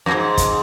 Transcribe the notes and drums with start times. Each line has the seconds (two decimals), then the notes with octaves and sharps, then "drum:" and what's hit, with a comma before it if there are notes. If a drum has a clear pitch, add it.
0.06 F2
0.12 G#2
0.38 drum: kick, hi-hat